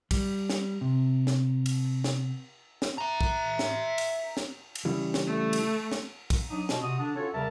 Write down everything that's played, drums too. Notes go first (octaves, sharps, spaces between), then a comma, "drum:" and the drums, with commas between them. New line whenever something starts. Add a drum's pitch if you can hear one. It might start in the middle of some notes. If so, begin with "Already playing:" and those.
G3, drum: kick, cymbal
drum: snare
C3
drum: snare
drum: cymbal
drum: snare
drum: snare
E5 A#5
drum: kick
drum: snare
drum: cymbal
drum: snare
drum: cymbal
C#3 E3 G3
drum: snare
A3
drum: cymbal
drum: snare
drum: kick, cymbal
F#3 D4 D#4 D#6
B2, drum: snare
C3 F#4 D#6
D3 D4
C#4 F4 F#4 A4 C#5
E2 C#3 G3 A#4 E5 A5